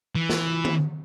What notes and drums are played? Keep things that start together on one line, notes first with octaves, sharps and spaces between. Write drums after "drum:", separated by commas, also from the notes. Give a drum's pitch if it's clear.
E3
drum: snare
drum: tom D#3